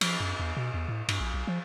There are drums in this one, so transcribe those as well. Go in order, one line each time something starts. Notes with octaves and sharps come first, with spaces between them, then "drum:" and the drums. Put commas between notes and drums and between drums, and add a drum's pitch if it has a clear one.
F3, drum: cymbal
F#2
E2
B2
E2
A2
G2, drum: cymbal
A#1
B1
F3